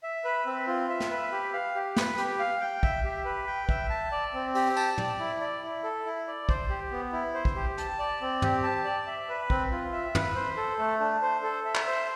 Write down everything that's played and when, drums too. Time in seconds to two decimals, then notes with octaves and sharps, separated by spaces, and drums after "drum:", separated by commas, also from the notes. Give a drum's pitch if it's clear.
0.03 E5
0.25 B4
0.46 C4
0.67 F4
0.89 E5
1.00 drum: snare
1.11 B4
1.32 G4
1.53 F5
1.75 G4
1.96 B4, drum: snare
2.17 G4, drum: hi-hat
2.39 F5
2.60 G5
2.83 E5, drum: kick
3.05 G4
3.25 B4
3.46 G5
3.69 E5, drum: kick
3.90 A5
4.12 D5
4.34 C4
4.55 G4, drum: open hi-hat
4.77 A5, drum: tambourine
4.98 D5, drum: tom
5.19 E4
5.41 D5
5.63 E4
5.84 A4
6.05 E4
6.27 D5
6.49 C5, drum: kick
6.70 G4
6.91 B3
7.12 E4
7.34 C5
7.45 drum: kick
7.55 G4
7.78 A5, drum: hi-hat
7.99 D5
8.21 C4
8.42 G4, drum: tom
8.63 A5
8.85 D5
9.07 E5
9.29 B4
9.50 C4, drum: kick
9.72 F4
9.93 E5
10.15 B4, drum: tom
10.36 C5
10.57 A4
10.79 A3
11.00 D4
11.22 C5
11.43 A4
11.65 E5
11.75 drum: clap
11.87 C5